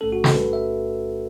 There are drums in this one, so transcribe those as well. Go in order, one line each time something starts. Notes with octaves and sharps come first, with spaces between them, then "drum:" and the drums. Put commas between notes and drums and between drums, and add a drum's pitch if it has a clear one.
B1 A2 A3 C#4 A4
F#4
A4, drum: snare
B4
E5